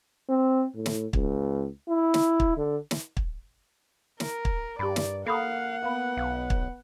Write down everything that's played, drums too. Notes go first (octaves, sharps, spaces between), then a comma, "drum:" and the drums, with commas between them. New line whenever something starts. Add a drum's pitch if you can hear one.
C4
A2
drum: snare
C#2, drum: kick
E4
drum: snare
drum: kick
D3
drum: snare
drum: kick
A#4, drum: snare
drum: kick
G2 G4 D5 B5
drum: snare
A#3 A4 F5 F#5 B5 D#6
B3 B4 F5 B5
B1 F5
drum: kick